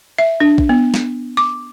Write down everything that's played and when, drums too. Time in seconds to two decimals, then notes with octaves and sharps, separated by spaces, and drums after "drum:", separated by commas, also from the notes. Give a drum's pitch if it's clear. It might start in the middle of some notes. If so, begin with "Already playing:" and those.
0.18 E5
0.40 D4
0.58 drum: kick
0.69 B3
0.94 drum: snare
1.37 D6